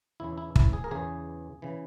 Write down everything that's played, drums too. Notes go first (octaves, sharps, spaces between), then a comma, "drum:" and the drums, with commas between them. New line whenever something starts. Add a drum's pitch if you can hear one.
E2 C#3 E3 E4
E4
E4, drum: kick
G#4
A#4
E2 C#3 E3 G#4
C#3 E3